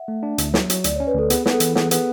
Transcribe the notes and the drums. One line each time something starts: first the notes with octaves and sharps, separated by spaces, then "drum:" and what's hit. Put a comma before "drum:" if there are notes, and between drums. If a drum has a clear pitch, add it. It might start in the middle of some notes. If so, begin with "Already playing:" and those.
Already playing: E5 F#5
A3
D4
D2, drum: hi-hat
F#3, drum: snare
F#3, drum: hi-hat
D2 D5, drum: hi-hat
C#4 C#5
B4
D2 A4
B3 G#4, drum: hi-hat
B3, drum: snare
A4
E3, drum: hi-hat
B3 G#4, drum: snare
B3 G#4, drum: hi-hat